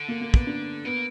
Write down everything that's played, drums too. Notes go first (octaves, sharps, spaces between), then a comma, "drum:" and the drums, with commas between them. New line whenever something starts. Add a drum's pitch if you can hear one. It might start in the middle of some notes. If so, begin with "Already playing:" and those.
Already playing: D3
A#3
A#3
B3, drum: kick
D4
A#3 B3